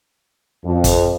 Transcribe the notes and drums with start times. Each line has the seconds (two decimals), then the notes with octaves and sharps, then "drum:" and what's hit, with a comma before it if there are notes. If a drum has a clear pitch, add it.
0.65 F2
0.84 drum: kick, hi-hat